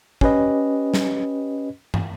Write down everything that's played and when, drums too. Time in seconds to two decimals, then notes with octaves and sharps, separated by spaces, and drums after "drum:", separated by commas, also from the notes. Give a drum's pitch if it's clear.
0.21 C#4 G4 B4 D#5, drum: kick
0.94 drum: snare
1.94 drum: tom